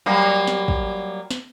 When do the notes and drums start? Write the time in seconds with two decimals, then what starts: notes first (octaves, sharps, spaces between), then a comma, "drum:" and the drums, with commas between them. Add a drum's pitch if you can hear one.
0.06 F#3 G3 A#3
0.47 drum: snare
0.68 drum: kick
1.31 drum: snare